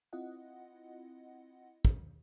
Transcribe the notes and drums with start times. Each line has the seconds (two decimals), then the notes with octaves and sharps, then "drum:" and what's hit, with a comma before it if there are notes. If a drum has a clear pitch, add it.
0.13 C4 E4 F4 D#5 F#5
1.85 drum: kick